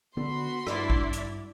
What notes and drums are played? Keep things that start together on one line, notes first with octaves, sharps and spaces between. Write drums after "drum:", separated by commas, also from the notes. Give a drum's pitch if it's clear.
D3 B3 F#4 B5 C6
G2 D4 E4 D5 B6, drum: rim click
drum: kick A1
drum: hi-hat